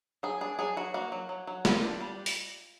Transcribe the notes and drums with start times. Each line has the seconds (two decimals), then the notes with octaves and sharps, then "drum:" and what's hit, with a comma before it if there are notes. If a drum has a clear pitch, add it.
0.23 F#3 G#4
0.41 D4 G#4
0.59 F#3 G#4
0.77 F#3 F#4
0.94 A#3 F#4
1.12 F#3
1.29 F#3
1.47 F#3
1.65 G3 F4, drum: snare
1.83 D4
2.01 G3
2.26 drum: open hi-hat